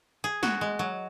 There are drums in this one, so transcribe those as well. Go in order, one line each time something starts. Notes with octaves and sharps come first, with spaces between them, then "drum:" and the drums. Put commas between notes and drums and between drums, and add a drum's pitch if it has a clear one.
G#4
F#4, drum: snare
G#3
F#3